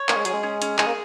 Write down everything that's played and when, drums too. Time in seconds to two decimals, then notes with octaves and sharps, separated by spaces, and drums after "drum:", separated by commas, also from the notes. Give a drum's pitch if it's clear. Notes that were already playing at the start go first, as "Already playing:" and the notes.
Already playing: C#5
0.09 A#3 C#4, drum: clap
0.17 G#3
0.25 F#3 G#4, drum: hi-hat
0.34 G#3
0.43 C#4
0.62 C#4, drum: hi-hat
0.78 G#3 G#4, drum: clap
0.87 A#3